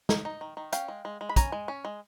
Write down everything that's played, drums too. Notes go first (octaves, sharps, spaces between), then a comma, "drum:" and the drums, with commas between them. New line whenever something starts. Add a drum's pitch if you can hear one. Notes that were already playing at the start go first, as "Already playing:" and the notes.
D#4, drum: snare
D#4
D#3
D#3
C#4 F5 G5, drum: hi-hat
G#3
G#3
G#3
B5
C#4 G#5 A#5, drum: kick, hi-hat
G#3
C#4
G#3